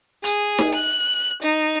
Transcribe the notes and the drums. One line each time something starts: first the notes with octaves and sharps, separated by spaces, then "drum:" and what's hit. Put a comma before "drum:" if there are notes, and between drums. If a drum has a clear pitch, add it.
G#4, drum: hi-hat
drum: snare D#4
F#6
D#4